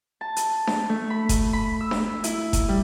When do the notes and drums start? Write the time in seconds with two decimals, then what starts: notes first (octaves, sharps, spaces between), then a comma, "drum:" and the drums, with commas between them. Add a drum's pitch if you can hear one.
0.21 A5
0.36 drum: hi-hat
0.67 drum: snare D4
0.89 A3
1.10 B5
1.29 drum: kick F#1, hi-hat
1.53 B5
1.80 E6
1.91 drum: snare D4
2.24 E4, drum: hi-hat
2.53 drum: kick F#1, hi-hat
2.69 G3